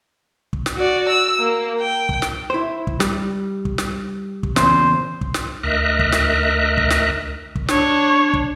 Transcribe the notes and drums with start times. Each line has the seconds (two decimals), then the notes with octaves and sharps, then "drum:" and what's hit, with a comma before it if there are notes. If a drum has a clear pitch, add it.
0.53 drum: kick
0.66 drum: snare
0.76 F#4 D5
1.10 E6
1.39 A#3
1.80 G5
2.09 drum: kick
2.22 drum: snare
2.50 E4 C5
2.87 drum: kick
3.00 G3, drum: snare
3.65 drum: kick
3.78 drum: snare
4.43 drum: kick
4.56 E2 A#2 C#3 C5, drum: snare
5.21 drum: kick
5.34 drum: snare
5.63 D2 A#4 D#5 E5 F#6
5.99 drum: kick
6.12 drum: snare
6.77 drum: kick
6.90 drum: snare
7.55 drum: kick
7.68 D4 C#5, drum: snare
8.34 drum: kick